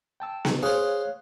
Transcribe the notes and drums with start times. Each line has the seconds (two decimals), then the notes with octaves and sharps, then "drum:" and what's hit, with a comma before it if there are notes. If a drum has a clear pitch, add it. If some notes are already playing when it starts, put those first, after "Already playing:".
0.20 G5 A5 E6
0.45 drum: snare B3
0.63 G#4 C5 C#5 F5 F#6